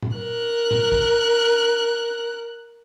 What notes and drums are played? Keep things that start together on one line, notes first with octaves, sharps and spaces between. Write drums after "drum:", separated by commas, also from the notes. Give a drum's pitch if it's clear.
drum: tom
A#4 F#6
drum: tom
drum: kick